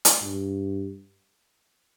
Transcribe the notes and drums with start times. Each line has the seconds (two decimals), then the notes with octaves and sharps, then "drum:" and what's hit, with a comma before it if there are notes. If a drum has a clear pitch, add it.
0.05 drum: hi-hat
0.21 G2